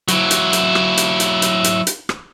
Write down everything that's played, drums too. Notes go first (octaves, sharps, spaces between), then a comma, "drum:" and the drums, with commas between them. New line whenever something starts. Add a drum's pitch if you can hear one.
F#3 E4, drum: hi-hat
drum: hi-hat
drum: hi-hat
drum: rim click
drum: hi-hat
drum: hi-hat
drum: hi-hat
drum: hi-hat
drum: hi-hat
drum: rim click